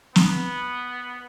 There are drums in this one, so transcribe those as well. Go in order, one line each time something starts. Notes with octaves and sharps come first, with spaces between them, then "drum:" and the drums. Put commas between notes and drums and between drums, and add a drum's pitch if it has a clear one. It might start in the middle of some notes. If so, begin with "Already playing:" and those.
B3, drum: snare